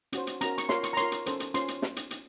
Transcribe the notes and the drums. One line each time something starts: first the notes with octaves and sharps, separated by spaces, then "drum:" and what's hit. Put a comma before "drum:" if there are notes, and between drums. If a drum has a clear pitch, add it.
C#4 F#4 C5, drum: hi-hat
drum: hi-hat
C#4 F#4 A#4 A#5, drum: hi-hat
C#6, drum: hi-hat
F4 A#4 C#5 C6, drum: snare
C#6, drum: hi-hat
A#5
F4 A#4 C#5 C6, drum: hi-hat
drum: hi-hat
C#4 A4 C5, drum: hi-hat
drum: hi-hat
C#4 F4 C5 C6, drum: hi-hat
drum: hi-hat
drum: snare
drum: hi-hat
drum: hi-hat